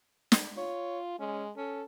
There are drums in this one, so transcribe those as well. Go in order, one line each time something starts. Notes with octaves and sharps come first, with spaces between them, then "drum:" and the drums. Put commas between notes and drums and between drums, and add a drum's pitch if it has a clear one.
drum: snare
F4 C#5
G#3 C#4
C#4 A4